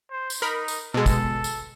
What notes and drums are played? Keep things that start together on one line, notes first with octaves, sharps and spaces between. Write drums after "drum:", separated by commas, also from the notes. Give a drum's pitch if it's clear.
C5
drum: tambourine
D#4 A#4 B5
drum: tambourine
B2 G#3 A4
drum: kick, tambourine
drum: tambourine